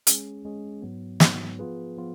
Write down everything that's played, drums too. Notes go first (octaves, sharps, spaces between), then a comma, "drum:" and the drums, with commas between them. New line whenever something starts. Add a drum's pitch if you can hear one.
G#3 C#4 G#4, drum: hi-hat
G#3 C#4 G#4
G#2 F#3 B3
G#2 F#3 B3, drum: snare
F3 B3 F4 G#4 B4
F3 B3 F4